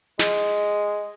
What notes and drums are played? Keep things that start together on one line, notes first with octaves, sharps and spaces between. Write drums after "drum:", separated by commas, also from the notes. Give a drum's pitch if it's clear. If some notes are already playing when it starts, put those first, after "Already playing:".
G#3, drum: snare